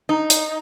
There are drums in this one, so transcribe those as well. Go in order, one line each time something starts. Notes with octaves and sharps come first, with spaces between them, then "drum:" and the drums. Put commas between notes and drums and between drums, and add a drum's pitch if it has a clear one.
D#4
drum: hi-hat